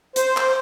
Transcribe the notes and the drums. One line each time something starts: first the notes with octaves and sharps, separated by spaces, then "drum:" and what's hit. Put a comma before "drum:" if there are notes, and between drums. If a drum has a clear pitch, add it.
C5, drum: hi-hat
drum: clap